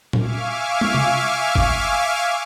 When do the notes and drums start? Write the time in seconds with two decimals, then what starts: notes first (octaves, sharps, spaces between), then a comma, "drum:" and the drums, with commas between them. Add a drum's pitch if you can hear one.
0.13 E5 F5 G#5 C#6 D6 F6, drum: tom A#2
0.81 drum: tom
0.94 drum: tom
1.55 drum: kick G1